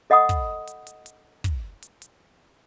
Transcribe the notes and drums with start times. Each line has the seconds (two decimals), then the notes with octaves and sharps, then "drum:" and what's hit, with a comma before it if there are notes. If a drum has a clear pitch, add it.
0.10 A4 D#5 F#5 B5 D#6
0.29 drum: kick, hi-hat
0.67 drum: hi-hat
0.87 drum: hi-hat
1.06 drum: hi-hat
1.44 drum: kick, hi-hat
1.83 drum: hi-hat
2.02 drum: hi-hat